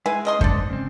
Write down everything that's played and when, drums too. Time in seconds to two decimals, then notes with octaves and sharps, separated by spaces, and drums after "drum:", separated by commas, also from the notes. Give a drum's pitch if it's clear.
0.06 G#3 E4 B4 G#5
0.25 C#3 D#5 C6
0.41 D3 A4 C5 D5, drum: kick F2
0.54 G#2
0.70 C#3 C4